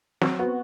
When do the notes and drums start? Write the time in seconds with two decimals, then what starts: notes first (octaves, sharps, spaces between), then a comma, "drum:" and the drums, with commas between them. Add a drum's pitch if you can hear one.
0.21 F#3 C4, drum: snare
0.39 B3 F#4